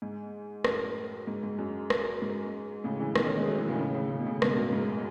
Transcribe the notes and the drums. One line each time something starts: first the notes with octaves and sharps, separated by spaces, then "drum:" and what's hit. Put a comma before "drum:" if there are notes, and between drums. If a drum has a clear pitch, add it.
G#2
F#2 A2, drum: rim click
G#2
G#2
F#2
drum: rim click
G#2
A2 C#3
C#3 E3
B2 D#3, drum: rim click
A3 C#4
G#3 B3
F#3 A3
E3 G#3
A2 C#3
D#3
A2 C#3
A2 C#3
A2 C#3
B2
A2 C#3
G#2 B2, drum: rim click
F#2 A2
G#2